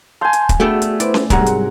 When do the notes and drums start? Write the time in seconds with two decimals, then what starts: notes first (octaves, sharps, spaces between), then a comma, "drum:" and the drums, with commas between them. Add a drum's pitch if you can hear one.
0.21 F5 G#5 A5 C6 G6
0.33 drum: hi-hat
0.49 drum: kick, hi-hat
0.60 A3 B3 D4 F#4 G#4 G5
0.82 drum: hi-hat
1.00 E4 B4 C5 D5, drum: hi-hat
1.14 drum: snare C#4
1.30 G#2 C3 F#3 G3 A#4 F#5, drum: kick, hi-hat
1.46 drum: hi-hat